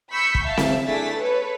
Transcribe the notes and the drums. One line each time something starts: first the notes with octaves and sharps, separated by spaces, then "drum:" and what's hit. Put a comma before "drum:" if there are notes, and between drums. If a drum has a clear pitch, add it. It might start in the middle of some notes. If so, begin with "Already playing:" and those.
B5 C#6 E6 G6 B6
drum: kick
E5 F5 A5
drum: snare C4
A3 D4 E4 G#4 A6 B6
A4 B4 C#5